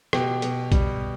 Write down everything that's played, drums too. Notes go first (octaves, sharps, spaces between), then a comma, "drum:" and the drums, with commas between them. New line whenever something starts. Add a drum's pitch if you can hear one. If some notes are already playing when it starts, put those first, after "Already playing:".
B2 G4, drum: rim click
B2, drum: hi-hat
G3, drum: kick, hi-hat